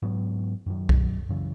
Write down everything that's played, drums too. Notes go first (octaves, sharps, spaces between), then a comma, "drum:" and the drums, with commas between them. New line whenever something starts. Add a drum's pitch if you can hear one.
G#2 F#3 B3
F#2 D#3 F#3
drum: kick
F#2 C#3 E3